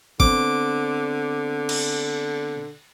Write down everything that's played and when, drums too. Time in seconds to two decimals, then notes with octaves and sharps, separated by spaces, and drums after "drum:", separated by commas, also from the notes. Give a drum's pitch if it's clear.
0.20 D3 B3 C4 D6, drum: kick
1.69 drum: cymbal